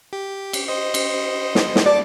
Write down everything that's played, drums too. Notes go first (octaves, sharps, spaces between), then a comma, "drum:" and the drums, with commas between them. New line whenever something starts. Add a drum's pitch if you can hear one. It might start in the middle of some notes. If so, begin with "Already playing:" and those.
G4
drum: cymbal
C5 D#5
drum: cymbal
drum: snare
drum: snare
D5 A5 D6